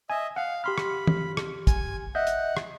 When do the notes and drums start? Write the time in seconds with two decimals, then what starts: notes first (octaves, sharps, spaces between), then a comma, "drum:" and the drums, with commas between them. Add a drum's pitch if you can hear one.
0.10 D#5 E5 G#5
0.36 F5 F#5
0.64 G4 B5 C6 F6
0.78 drum: rim click
1.07 drum: tom
1.37 drum: rim click
1.67 G#5, drum: kick, hi-hat
2.15 D#5 E5 F#5 G6
2.27 drum: hi-hat
2.57 drum: rim click